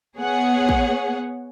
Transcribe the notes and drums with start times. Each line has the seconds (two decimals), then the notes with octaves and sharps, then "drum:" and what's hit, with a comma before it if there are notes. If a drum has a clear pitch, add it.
0.17 B3 G#4 C#5 F#5
0.69 drum: kick